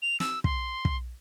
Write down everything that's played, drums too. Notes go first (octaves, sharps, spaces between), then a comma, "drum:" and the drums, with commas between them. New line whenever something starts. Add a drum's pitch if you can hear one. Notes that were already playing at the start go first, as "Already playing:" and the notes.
F7
E6, drum: snare
C6, drum: kick
drum: kick